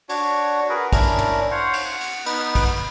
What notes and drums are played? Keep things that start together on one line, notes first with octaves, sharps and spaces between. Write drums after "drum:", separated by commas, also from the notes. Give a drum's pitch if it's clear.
D4 F#4 C#5, drum: cymbal
F#4 G#4 A#4 B4
C#4 D4 E4 A#4, drum: kick, cymbal
drum: tom
C5 C#5 F5 F#5
drum: cymbal
F#5
drum: cymbal
B3 D#4 B4, drum: cymbal
drum: kick, cymbal